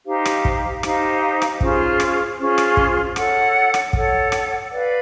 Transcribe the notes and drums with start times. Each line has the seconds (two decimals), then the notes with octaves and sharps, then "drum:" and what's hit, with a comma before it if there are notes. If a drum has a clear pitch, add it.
0.06 D#4 G4 C5 F5
0.25 drum: rim click
0.45 drum: kick
0.83 D#4 G4 C5 F5, drum: rim click
1.42 drum: rim click
1.61 C#4 F4 G#4 C5, drum: kick
2.00 drum: rim click
2.39 C#4 F4 G#4 C5
2.58 drum: rim click
2.77 drum: kick
3.16 A4 C#5 F#5, drum: rim click
3.74 drum: rim click
3.93 A4 C#5 F#5, drum: kick
4.32 drum: rim click
4.71 B4 D5 F5